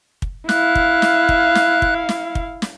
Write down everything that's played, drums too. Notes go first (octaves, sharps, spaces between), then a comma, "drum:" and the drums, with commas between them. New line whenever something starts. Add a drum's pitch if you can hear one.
drum: kick
E4 F5 F#6, drum: snare
drum: kick
drum: snare
drum: kick
drum: snare
drum: kick
drum: snare
drum: kick
drum: snare